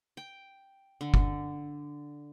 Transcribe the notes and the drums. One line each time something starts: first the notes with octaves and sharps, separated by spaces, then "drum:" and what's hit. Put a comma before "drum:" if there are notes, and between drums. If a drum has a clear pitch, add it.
G5
D3
drum: kick F#1